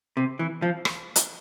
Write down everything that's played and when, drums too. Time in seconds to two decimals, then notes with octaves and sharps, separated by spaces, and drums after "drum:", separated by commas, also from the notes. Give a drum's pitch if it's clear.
0.17 C3
0.39 E3
0.62 F3
0.85 drum: rim click
1.16 drum: hi-hat